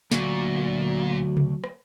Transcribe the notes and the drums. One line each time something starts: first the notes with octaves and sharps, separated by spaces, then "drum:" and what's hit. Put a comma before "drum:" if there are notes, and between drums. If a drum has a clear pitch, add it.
D2 A#2 F#3 F#4, drum: snare
drum: tom C3
drum: rim click